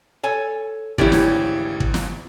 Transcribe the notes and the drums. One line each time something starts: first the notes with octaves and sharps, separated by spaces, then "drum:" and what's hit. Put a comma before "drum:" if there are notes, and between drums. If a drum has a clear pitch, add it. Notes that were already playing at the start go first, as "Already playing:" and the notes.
A4 C#5 G#5
G#1 D2 C#3 E3 E4 G4 C#5 D5, drum: kick
drum: snare
drum: kick
drum: snare